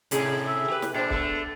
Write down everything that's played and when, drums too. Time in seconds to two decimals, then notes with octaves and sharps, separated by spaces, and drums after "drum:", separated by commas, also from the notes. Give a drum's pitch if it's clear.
0.11 A2 C3 G#4, drum: hi-hat
0.48 E5
0.70 G4 B4
0.82 drum: snare
0.94 A#2 D4 C5
1.10 A3 B3 A4, drum: kick C#1